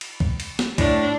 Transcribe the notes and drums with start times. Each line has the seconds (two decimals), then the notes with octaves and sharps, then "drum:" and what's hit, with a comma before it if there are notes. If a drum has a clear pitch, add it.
0.01 drum: cymbal
0.20 drum: kick C2
0.40 drum: cymbal
0.59 drum: snare
0.78 A2 D4, drum: kick C2, cymbal